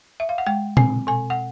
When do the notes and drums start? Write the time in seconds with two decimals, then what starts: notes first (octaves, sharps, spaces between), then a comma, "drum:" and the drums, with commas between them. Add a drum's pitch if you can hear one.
0.20 E5
0.29 F5
0.38 F#5
0.46 G#3 G5
0.77 C4 G#5, drum: tom
1.07 B2 G#5
1.30 F#5